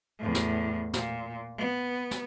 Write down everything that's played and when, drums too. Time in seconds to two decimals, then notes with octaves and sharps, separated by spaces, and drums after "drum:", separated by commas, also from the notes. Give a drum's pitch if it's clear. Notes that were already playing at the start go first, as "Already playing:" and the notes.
0.19 E2 A2
0.35 drum: snare
0.93 A#2, drum: snare
1.58 B3
2.11 drum: snare